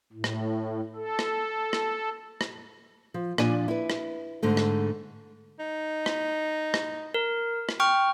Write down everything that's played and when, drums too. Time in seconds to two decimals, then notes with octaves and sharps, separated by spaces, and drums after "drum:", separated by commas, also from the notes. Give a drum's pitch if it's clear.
0.13 A2
0.24 drum: rim click
0.95 A4
1.19 drum: rim click
1.73 drum: rim click
2.41 drum: rim click
3.14 F3
3.38 A#2 F3 D4 D5 G#5, drum: rim click
3.68 E4 B4
3.90 drum: rim click
4.43 G#2 D3 A3
4.57 drum: rim click
5.59 D#4
6.06 drum: rim click
6.74 drum: rim click
7.14 A#4
7.69 drum: rim click
7.80 G5 C#6 F6